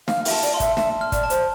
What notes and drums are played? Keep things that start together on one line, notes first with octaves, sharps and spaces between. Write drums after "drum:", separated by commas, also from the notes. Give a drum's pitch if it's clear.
F5 F6, drum: snare
E5, drum: open hi-hat
A5
D5, drum: hi-hat
F5 C6
E5, drum: kick, hi-hat
E5 A5, drum: snare
F6
D5, drum: kick, hi-hat
A5
C5, drum: hi-hat